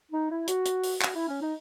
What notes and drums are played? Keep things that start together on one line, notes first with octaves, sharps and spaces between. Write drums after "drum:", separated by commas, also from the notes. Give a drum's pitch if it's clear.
D#4
E4
F#4, drum: hi-hat
drum: hi-hat
drum: open hi-hat
F#4, drum: clap
E4
C#4
D#4